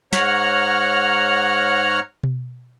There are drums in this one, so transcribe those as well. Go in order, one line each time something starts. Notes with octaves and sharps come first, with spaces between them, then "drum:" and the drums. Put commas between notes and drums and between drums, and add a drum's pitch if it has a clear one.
G#2 C#5 F#5 A#5 F6, drum: snare
drum: tom B2